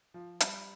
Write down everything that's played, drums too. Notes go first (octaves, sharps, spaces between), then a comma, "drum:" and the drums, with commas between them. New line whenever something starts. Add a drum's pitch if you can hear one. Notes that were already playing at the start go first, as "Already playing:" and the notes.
F3
G3, drum: hi-hat